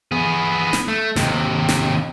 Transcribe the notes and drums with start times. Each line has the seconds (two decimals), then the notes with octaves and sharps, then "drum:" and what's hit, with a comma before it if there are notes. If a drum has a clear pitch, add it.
0.12 B3 G#4
0.73 drum: snare
0.88 A3
1.16 D#2 C3, drum: snare
1.69 drum: snare